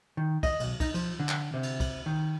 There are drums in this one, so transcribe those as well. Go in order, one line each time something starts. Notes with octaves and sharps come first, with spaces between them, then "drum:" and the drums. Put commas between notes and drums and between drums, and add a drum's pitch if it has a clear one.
D#3
D#5, drum: kick C2, cymbal
B1, drum: cymbal
D#4, drum: kick C2, cymbal
F3, drum: cymbal
D3
drum: clap
C3
drum: cymbal
drum: kick C2, cymbal
D#3